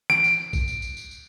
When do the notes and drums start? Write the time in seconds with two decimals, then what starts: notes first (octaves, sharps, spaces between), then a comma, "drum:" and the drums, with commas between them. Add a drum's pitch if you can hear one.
0.10 D7, drum: snare
0.24 drum: tambourine
0.53 drum: kick, tambourine
0.68 drum: tambourine
0.82 drum: tambourine
0.97 drum: tambourine
1.11 drum: tambourine